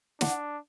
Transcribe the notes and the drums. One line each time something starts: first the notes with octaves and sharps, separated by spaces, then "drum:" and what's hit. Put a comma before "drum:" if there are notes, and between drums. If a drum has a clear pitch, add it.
D4 F#5, drum: snare